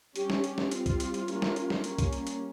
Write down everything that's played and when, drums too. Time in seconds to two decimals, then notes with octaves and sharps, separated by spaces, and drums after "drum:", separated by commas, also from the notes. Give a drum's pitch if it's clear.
0.16 G3 C#4 G4, drum: hi-hat
0.30 drum: snare
0.44 G4, drum: hi-hat
0.58 drum: snare
0.71 G3 C4 F4, drum: hi-hat
0.86 drum: kick C2, hi-hat
1.00 drum: hi-hat
1.14 drum: hi-hat
1.28 G3 A#3 C#4, drum: hi-hat
1.42 drum: snare
1.56 drum: hi-hat
1.70 drum: snare
1.84 G3 A#3 C#4, drum: hi-hat
1.98 drum: kick C2, hi-hat
2.13 drum: hi-hat
2.27 drum: hi-hat